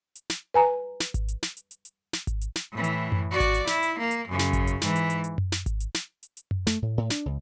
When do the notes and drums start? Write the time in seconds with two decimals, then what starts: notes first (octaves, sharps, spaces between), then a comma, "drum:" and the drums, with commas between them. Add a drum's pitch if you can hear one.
0.15 drum: hi-hat
0.30 drum: snare
0.54 B4 G#5 A#5
1.00 drum: snare
1.14 drum: kick G#1, hi-hat
1.28 drum: hi-hat
1.43 drum: snare
1.57 drum: hi-hat
1.71 drum: hi-hat
1.85 drum: hi-hat
2.13 drum: snare
2.27 drum: kick G#1, hi-hat
2.41 drum: hi-hat
2.56 drum: snare
2.72 A2 E3
2.84 drum: hi-hat
3.12 drum: tom F#2
3.31 F#4 D5
3.40 drum: kick G#1, hi-hat
3.54 drum: hi-hat
3.67 E4, drum: snare
3.83 drum: hi-hat
3.99 A#3
4.11 drum: hi-hat
4.28 F#2 C#3
4.39 drum: snare
4.53 drum: kick G#1, hi-hat
4.67 drum: hi-hat
4.81 G#2 E3, drum: snare
4.96 drum: hi-hat
5.10 drum: hi-hat
5.24 drum: hi-hat
5.38 drum: tom F#2
5.52 drum: snare
5.66 drum: kick G#1, hi-hat
5.80 drum: hi-hat
5.94 drum: snare
6.23 drum: hi-hat
6.37 drum: hi-hat
6.51 drum: tom F#2
6.67 A3, drum: snare
6.82 A2
6.97 A2
7.10 D4, drum: snare
7.26 C#2